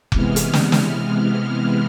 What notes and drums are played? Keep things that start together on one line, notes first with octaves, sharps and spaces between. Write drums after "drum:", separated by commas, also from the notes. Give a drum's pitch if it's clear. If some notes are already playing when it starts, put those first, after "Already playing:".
C3 E3 G#3 B3 F6, drum: kick F1
drum: hi-hat
F6, drum: snare
drum: snare